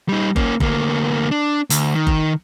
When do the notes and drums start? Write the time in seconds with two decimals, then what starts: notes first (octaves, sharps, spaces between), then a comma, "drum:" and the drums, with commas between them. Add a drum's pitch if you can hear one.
0.09 G3 D#4
0.36 A#3 C#4, drum: kick F#1
0.60 D2 A#3, drum: kick F#1
1.31 D4
1.70 D2, drum: hi-hat
1.95 D#3
2.07 drum: kick F#1